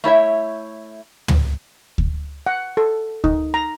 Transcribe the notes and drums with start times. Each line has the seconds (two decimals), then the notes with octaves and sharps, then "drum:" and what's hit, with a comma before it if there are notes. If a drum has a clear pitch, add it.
0.04 A3 E4 C#5 E5
1.28 drum: tom
1.98 drum: kick D2
2.46 F#5
2.77 A4
3.24 D#4, drum: kick D2
3.54 A#5